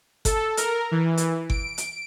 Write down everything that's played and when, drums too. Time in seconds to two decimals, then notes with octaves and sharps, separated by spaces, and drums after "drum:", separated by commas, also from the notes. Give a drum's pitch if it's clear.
0.25 A4, drum: kick G1, hi-hat
0.57 A#4, drum: hi-hat
0.91 E3
1.17 drum: hi-hat
1.50 D7, drum: kick G1
1.78 drum: hi-hat